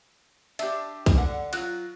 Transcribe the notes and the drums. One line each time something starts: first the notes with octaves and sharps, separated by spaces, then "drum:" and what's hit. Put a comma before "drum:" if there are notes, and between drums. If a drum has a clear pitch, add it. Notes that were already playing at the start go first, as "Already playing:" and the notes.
D4 G4 E5, drum: cymbal
drum: kick B1, cymbal
D3 F#5
F#3 F4 F#6, drum: cymbal